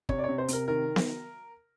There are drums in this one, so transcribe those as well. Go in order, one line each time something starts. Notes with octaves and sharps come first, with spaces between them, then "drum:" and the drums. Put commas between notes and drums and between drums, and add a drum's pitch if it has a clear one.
C3 C#5, drum: kick
D5
C3 C#5
C5
C3 A#4, drum: hi-hat
D#3 A#4
drum: snare B3